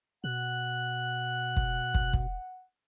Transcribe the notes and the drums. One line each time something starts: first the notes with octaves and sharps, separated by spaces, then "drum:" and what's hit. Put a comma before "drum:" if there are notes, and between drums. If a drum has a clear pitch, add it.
B2 F#5 F#6
drum: kick
drum: kick
drum: kick